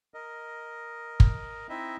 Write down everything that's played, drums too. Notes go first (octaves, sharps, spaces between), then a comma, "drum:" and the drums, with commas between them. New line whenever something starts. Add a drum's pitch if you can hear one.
A#4 D#5
drum: kick
C4 D#4 E4 D#5 E5